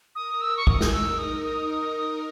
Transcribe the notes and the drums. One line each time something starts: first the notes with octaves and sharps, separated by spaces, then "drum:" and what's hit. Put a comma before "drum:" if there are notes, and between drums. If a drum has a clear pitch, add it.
A#4 D#6
E6
C#6
D#6, drum: kick
drum: snare
D#4 E6
D#6
D#6
D#6
D#6